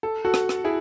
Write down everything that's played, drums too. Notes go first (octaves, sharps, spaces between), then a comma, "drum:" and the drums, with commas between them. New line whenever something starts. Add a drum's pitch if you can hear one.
A4
F#4 A4
drum: rim click
drum: rim click
E4 G#4